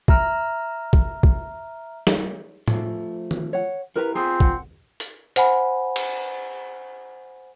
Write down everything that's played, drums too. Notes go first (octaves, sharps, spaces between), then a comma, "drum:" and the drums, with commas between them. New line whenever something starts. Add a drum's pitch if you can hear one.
E5 A#5 F6, drum: kick
drum: kick
drum: kick
drum: snare
F3 A3, drum: tom A2
drum: tom D#3
C#5 F#5
E4 G4 A#4 B4 A#5
C4 F4 G#4 G#5 A#5
F#5, drum: kick
drum: hi-hat
C5 F#5 G#5 B5, drum: hi-hat
drum: cymbal